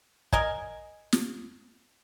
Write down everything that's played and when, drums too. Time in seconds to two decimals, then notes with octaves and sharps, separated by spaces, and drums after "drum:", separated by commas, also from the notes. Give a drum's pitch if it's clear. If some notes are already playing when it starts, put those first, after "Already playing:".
0.33 A#4 D#5 G#5, drum: kick
1.13 drum: snare